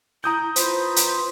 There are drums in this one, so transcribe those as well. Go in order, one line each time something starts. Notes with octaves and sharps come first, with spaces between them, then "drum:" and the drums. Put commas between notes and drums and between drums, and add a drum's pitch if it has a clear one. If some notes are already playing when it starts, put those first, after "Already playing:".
E4 A#5 D#6 G6
F4 B4 C5, drum: hi-hat
drum: hi-hat